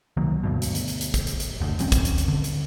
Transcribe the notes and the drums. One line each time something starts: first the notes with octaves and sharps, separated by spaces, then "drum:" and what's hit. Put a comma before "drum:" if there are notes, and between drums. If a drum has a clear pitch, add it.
C2 D#3 F#3 A#3
D2 G2 B2
drum: hi-hat
drum: hi-hat
drum: hi-hat
drum: hi-hat
drum: kick, hi-hat
drum: hi-hat
drum: hi-hat
F#1 D2
D#2 G3 C4 C#4, drum: hi-hat
drum: kick, hi-hat
drum: hi-hat
drum: hi-hat
D3
drum: hi-hat